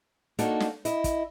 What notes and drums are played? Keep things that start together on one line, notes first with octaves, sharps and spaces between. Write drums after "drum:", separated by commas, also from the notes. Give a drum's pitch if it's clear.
A#3 D4 D#4 F#4 A4 C#5, drum: hi-hat
drum: snare
E4 D#5, drum: hi-hat
drum: kick, hi-hat